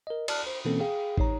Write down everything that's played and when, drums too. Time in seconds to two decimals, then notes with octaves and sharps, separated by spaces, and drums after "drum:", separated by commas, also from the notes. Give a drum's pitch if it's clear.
0.07 A#4 D#5
0.28 D5 A5 F6 F#6, drum: cymbal
0.47 C5
0.65 B2 E3 A#3 C4 C#4 A4
0.80 G#4 F5 G5
1.17 A1 D#4 C#5 A#5, drum: kick